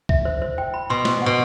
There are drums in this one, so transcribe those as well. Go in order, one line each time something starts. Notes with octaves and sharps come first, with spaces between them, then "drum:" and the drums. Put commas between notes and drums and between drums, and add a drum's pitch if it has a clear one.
E5, drum: kick C2
C5
C5
G5
B5
B2 C6
C5, drum: snare
B2 F#5